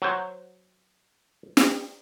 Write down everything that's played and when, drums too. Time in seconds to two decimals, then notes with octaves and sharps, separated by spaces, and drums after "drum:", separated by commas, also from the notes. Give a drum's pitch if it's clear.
0.02 F#3 C5
1.57 drum: snare